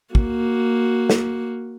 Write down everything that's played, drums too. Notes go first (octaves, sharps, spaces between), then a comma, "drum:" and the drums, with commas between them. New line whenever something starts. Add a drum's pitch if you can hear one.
A#3 F#4, drum: kick
drum: snare